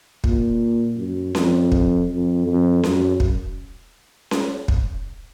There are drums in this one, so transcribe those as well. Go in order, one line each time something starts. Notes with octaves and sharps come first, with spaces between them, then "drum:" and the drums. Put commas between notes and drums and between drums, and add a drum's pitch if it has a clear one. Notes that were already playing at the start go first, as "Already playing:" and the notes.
A#2, drum: kick
F#2
F2, drum: snare C#4
drum: kick
F2
F2
F#2, drum: snare C#4
drum: kick
drum: snare C#4
drum: kick